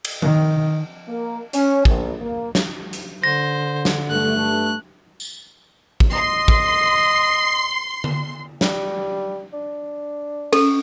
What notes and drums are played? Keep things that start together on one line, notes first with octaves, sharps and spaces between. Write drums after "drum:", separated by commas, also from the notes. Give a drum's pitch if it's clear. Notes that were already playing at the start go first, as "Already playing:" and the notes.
drum: cymbal
D#3, drum: tom F3
A#3
C#4, drum: hi-hat
A#1, drum: kick
A#3
drum: snare
drum: hi-hat
D3 C5 A#6
drum: snare
G2 A3 F#6
drum: tambourine
drum: kick
D#5 C6
drum: kick
drum: tom D3
G3, drum: snare
D4
C#4 A4, drum: cymbal